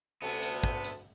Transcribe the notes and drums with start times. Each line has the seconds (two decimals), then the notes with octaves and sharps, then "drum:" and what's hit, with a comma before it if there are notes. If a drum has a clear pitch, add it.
0.22 D2 C3 A3 B3 C#4 F#5 A5
0.43 drum: hi-hat
0.63 drum: kick
0.84 drum: hi-hat